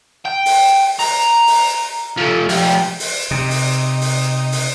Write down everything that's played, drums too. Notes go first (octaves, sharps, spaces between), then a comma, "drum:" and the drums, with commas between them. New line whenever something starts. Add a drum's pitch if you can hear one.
G5
drum: open hi-hat
A#5, drum: open hi-hat
drum: open hi-hat
F3 A3
F3 G4, drum: open hi-hat
drum: open hi-hat
C3 D#4
drum: open hi-hat
drum: open hi-hat
drum: open hi-hat